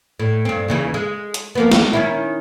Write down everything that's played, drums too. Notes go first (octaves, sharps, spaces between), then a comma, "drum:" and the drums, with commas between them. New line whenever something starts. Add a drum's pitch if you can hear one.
A2
G2 C4
D#2 C#3 E3
G#3
drum: hi-hat
F3 A#3 B3
drum: snare
D#3 C#4 E4